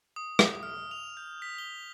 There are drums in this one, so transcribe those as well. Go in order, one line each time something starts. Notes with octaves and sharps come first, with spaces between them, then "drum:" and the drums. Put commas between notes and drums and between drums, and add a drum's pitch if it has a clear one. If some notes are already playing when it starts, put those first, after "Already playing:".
D#6
drum: rim click
F6
F7
G6
B6
G7